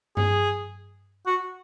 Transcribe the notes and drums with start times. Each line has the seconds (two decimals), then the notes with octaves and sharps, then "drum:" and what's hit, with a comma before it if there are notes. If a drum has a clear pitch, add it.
0.17 G#4, drum: tom G2
1.27 F#4